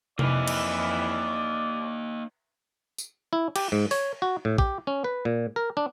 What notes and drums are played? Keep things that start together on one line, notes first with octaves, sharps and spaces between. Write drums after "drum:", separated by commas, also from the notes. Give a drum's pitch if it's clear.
F2 E3 A#3 D#4 E4 D5, drum: tom C3
drum: cymbal
drum: tambourine
E4
G4, drum: cymbal
G#2
C#5, drum: open hi-hat
F#4
A2
G4, drum: kick
C#4
B4
A#2
A#4
D4